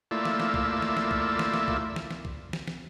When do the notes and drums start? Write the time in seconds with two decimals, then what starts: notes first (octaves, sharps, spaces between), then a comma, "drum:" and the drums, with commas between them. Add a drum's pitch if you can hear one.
0.11 A3 A#3 E4 F4 D5 E6
0.25 drum: snare
0.40 drum: snare
0.54 drum: kick
0.82 drum: snare
0.97 drum: snare
1.11 drum: kick
1.39 drum: snare
1.54 drum: snare
1.68 drum: kick
1.96 drum: snare
2.11 drum: snare
2.25 drum: kick
2.53 drum: snare
2.68 drum: snare